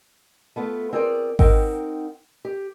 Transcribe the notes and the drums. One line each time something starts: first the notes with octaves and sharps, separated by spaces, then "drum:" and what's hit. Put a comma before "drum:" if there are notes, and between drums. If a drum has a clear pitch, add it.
A3 B3 F4
C4 F4 G#4 A#4 D5
C4 D#4 A#4 F#5 G5, drum: kick G#1
G4